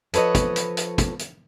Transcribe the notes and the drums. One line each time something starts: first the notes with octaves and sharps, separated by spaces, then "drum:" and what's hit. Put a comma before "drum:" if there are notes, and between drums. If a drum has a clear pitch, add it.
F3 A4 B4 C#5 D#5, drum: hi-hat
drum: kick, hi-hat
drum: hi-hat
drum: hi-hat
drum: kick, hi-hat
drum: hi-hat